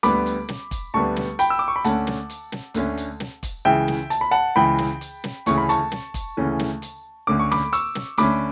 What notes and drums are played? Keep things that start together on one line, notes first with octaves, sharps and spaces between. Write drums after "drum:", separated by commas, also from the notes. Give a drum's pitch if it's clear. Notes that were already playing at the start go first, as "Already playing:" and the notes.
D2 D3 G3 B3 B5 D6, drum: hi-hat
drum: hi-hat
drum: snare
drum: kick, hi-hat
D2 D3 G3 B3 A5 C#6
drum: snare
G5 B5, drum: hi-hat
E6
D6
C#6
B5
D2 D3 A3 C#4 F#5 A5, drum: hi-hat
drum: snare
drum: hi-hat
drum: snare
D2 D3 A3 C#4, drum: hi-hat
drum: hi-hat
drum: snare
drum: kick, hi-hat
C#2 C#3 E3 E5 G5
drum: snare
A5, drum: hi-hat
B5
F#5 A5
C#2 C#3 E3 G5 B5
drum: snare
drum: hi-hat
drum: snare
D2 C#3 E3 A3 C#4 C#6, drum: hi-hat
B5
A5 C#6, drum: hi-hat
drum: snare
drum: kick, hi-hat
D2 C#3 E3 A3 C#4
drum: snare
drum: hi-hat
D2 D3 A3 C#4 D6
C#6
B5 D6, drum: snare
C#6 E6, drum: hi-hat
drum: snare
D2 D3 A3 C#4 B5 D6, drum: hi-hat